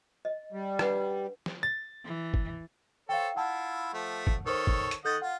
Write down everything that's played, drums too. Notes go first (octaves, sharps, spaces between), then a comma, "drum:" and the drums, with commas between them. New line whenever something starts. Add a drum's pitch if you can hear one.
D#5
G3
D4 B4 F#5, drum: rim click
drum: snare
A6
E3
drum: kick
A4 C5 C#5 F5 G5
E4 F4 F#5 A5
F3 A3
drum: kick
D#3 A4 A#4 C5 C#5
drum: kick
drum: hi-hat
D#3 A4 D#5 F#5 G6 A6
F4 F#5